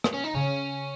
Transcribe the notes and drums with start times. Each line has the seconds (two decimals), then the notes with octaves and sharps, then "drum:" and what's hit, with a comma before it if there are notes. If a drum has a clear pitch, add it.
0.04 drum: rim click
0.13 C#4
0.24 D#4
0.34 C#3 C#4